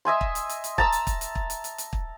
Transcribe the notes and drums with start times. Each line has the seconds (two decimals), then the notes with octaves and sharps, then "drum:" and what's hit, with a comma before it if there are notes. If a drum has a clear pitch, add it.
0.05 D#5 E5 G#5 C6
0.21 drum: kick
0.35 drum: hi-hat
0.49 drum: hi-hat
0.64 drum: hi-hat
0.78 A5 A#5 E6, drum: kick
0.92 drum: hi-hat
1.07 drum: kick, hi-hat
1.21 drum: hi-hat
1.35 drum: kick
1.50 drum: hi-hat
1.64 drum: hi-hat
1.78 drum: hi-hat
1.93 drum: kick